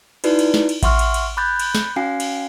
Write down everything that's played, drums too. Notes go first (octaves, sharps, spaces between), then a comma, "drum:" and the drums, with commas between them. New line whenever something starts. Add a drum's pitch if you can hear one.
D#4 E4 F#4 B4 D5, drum: cymbal
drum: cymbal
drum: snare
drum: cymbal
E5 F#5 C6 C#6 F6, drum: kick A1, cymbal
drum: cymbal
drum: cymbal
B5 D6 F#6 G6 A6
drum: cymbal
drum: snare
C#4 F#4 F5 G#5 C7
drum: cymbal